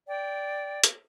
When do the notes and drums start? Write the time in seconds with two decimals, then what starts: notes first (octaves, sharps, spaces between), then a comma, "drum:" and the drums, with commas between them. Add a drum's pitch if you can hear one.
0.07 D5 G5
0.84 drum: hi-hat